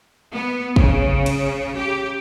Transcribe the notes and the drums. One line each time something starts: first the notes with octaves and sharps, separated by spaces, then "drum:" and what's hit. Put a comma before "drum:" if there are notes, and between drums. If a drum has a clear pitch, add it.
B3
C#3, drum: kick
drum: cymbal
G4